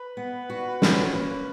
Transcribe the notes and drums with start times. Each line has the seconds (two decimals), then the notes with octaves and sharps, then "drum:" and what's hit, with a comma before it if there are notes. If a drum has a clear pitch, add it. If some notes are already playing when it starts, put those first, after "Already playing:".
Already playing: B4
0.17 B3
0.50 F#4
0.82 C#4, drum: snare
1.08 C#5
1.13 A#3 B4